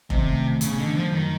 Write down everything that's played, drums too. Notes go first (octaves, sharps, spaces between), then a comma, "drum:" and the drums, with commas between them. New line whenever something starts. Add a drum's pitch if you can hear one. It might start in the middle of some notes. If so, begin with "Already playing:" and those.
C3 D#3, drum: kick F1
A3
A3
C#3 B3, drum: hi-hat
D3 D#3
F3 F#3
F#2 D#3